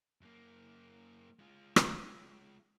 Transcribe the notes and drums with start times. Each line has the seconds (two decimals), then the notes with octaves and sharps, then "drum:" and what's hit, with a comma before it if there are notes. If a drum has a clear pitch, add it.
0.21 F#2 A#3
1.39 G#3 F4
1.76 drum: rim click